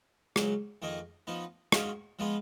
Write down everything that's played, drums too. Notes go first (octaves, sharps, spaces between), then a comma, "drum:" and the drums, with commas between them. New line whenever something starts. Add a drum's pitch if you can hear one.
C#2 C#3 F#3, drum: rim click
F2 D#3 A#3 D#4 G#4
F3 B3 D#4
G#2 F#3 C#4 F4 G#4, drum: rim click
F3 G#3 B3 F4 G#4